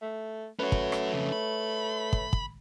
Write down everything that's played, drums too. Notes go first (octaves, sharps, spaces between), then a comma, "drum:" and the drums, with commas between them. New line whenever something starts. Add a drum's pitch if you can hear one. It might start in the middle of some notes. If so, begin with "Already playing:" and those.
A3
A3 C#4 F#4 B4 C#5
drum: kick
drum: rim click
F2 C#3
B5
drum: kick
drum: kick